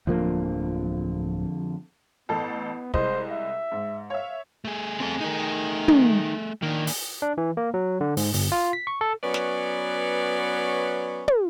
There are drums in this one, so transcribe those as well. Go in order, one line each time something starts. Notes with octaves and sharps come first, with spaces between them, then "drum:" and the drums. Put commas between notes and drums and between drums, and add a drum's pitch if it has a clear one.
D1 F2 D3 F3 A#3
A1 B3 A4
C2 G#3 C5 D#5, drum: kick
E5
G#2
C#5 E5 F5
A3 G#4
C4 A4
D#4 A#4
drum: tom
D#3 A#3 D4
drum: open hi-hat
D4
E3
A#3
F#3
D3
G#2, drum: open hi-hat
G1, drum: open hi-hat
F4
B6
C#6
A4
F#3 B3 C#4 B4 D5
drum: snare
drum: tom